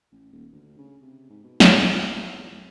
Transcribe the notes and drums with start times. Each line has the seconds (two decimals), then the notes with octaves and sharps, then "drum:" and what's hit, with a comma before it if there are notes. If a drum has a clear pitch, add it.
0.12 A1
0.32 D#1
0.52 D2
0.78 C#3
1.02 C3
1.29 G#2
1.43 B2
1.60 D#2, drum: snare
1.98 C2
2.29 E2